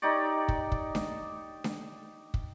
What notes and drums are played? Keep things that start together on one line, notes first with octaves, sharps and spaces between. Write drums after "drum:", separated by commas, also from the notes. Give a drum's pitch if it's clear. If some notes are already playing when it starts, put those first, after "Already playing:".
D#4 G4 C#5 D5
drum: kick
drum: kick
drum: snare D4
drum: snare D4
drum: kick